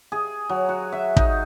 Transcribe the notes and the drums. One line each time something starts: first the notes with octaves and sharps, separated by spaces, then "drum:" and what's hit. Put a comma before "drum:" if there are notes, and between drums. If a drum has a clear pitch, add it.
G#4
F#3
F#4
E5
D#4, drum: kick